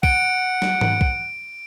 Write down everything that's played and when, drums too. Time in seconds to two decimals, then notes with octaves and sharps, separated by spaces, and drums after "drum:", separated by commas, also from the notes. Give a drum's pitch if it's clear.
0.03 F#5 D7, drum: kick
0.62 drum: snare
0.81 drum: tom G#2
1.01 drum: kick